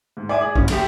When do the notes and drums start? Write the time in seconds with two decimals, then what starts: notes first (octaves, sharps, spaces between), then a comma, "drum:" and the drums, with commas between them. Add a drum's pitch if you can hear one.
0.17 G#2
0.29 D5 E5 G#5 D6
0.41 G#4
0.56 F#1 C#4, drum: kick A#1
0.68 F#2 A3 G4, drum: cymbal